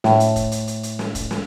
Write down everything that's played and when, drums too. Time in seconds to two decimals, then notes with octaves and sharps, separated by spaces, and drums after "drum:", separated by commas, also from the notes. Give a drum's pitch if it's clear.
0.04 A2, drum: snare
0.20 drum: hi-hat
0.36 drum: kick, hi-hat
0.52 drum: hi-hat
0.67 drum: hi-hat
0.83 drum: hi-hat
0.99 drum: snare
1.15 drum: kick, hi-hat
1.31 drum: snare